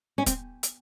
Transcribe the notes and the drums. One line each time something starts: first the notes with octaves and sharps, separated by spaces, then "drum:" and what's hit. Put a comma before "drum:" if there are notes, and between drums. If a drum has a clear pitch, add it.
C#4
C4, drum: kick, hi-hat
drum: hi-hat